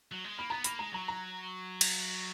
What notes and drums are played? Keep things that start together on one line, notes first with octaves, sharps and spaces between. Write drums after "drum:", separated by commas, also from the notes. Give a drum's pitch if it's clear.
F#3
G#3
A#3 B5
B3 A#5
A#3 B5, drum: hi-hat
G#3 A#5
F#3 A#5
A#5
drum: cymbal